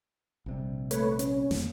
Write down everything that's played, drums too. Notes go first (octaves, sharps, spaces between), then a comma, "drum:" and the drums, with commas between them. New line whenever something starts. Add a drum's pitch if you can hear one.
A#1 C3 G3
A3 B4 C#5, drum: hi-hat
C#4, drum: hi-hat
F2 A#3, drum: snare